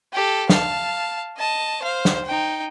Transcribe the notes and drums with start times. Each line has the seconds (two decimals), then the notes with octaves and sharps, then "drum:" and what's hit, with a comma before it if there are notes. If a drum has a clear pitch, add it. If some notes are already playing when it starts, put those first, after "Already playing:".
0.13 G4 A4
0.49 F5 A5, drum: snare
1.37 D#5 A5
1.82 C5 F5
2.05 drum: snare
2.25 D#4 G5